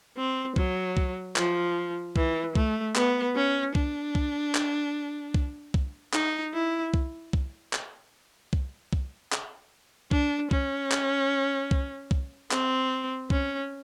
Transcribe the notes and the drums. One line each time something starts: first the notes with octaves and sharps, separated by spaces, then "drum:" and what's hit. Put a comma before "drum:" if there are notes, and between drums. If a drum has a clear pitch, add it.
C4
F#3, drum: kick C2
drum: kick C2
F3, drum: clap
E3, drum: kick C2
A3, drum: kick C2
B3, drum: clap
C#4
D4, drum: kick C2
drum: kick C2
drum: clap
drum: kick C2
drum: kick C2
D#4, drum: clap
E4
drum: kick C2
drum: kick C2
drum: clap
drum: kick C2
drum: kick C2
drum: clap
D4, drum: kick C2
C#4, drum: kick C2
drum: clap
drum: kick C2
drum: kick C2
C4, drum: clap
C#4, drum: kick C2